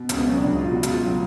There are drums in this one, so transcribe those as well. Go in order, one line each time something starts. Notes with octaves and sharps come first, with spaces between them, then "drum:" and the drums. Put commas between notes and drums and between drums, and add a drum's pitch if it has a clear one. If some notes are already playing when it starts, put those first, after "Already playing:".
Already playing: B2
C#2 C#4, drum: hi-hat
B3
F#3 C#4
D4
C#2
F4
B2
F#4
C#2 F4, drum: hi-hat
F#3